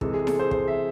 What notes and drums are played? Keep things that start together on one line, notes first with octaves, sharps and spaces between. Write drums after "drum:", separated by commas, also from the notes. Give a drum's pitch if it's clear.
C3 E3 G#3 A4, drum: kick
G#4
A4, drum: snare E4
C5
C5, drum: kick
E5